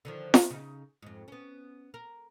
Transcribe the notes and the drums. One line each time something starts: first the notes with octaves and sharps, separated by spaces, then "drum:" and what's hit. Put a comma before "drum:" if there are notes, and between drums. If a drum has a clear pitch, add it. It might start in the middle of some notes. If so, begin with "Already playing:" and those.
D3 D#3 F3
drum: snare F4
C#3 D#4
F2 G#2
B3 C#4
A#4